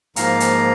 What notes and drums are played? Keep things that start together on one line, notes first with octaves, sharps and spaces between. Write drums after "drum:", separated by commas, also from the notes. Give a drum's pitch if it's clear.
G#2 F3 A#3 F5 A#5, drum: hi-hat
drum: hi-hat